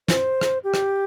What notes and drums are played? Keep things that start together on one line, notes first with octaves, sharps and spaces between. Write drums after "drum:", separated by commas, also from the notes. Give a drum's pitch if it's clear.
C5, drum: snare
drum: rim click
G4
drum: rim click